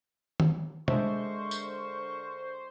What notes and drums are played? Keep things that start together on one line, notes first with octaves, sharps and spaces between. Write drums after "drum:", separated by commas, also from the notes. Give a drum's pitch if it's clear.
drum: tom
D3 G#3 D4 A#4 C5 E5 C#6, drum: tom B2
drum: tambourine